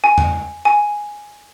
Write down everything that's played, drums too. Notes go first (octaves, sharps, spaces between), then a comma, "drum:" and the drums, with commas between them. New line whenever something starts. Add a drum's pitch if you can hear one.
G#5
drum: tom E2
G#5